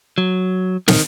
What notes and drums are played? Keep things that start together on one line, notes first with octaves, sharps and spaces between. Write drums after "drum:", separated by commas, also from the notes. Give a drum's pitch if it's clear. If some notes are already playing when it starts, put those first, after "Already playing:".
F#3
D#3, drum: snare